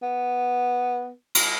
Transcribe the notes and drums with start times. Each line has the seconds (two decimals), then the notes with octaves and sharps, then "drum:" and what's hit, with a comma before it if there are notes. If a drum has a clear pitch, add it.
0.02 B3
1.35 drum: cymbal